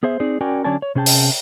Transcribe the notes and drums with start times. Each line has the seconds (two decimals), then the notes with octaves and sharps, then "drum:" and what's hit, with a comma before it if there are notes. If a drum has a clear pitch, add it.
0.03 B3 G#4 C5 E5
0.20 C4 D#4 G#4 D5
0.41 C#4 F#4 A#4 D5 G5 G#5
0.64 D3 F#3 C#4 D5 G#5 A5
0.82 C#5
0.95 C3 C#4 G#4 G5 A5
1.06 drum: open hi-hat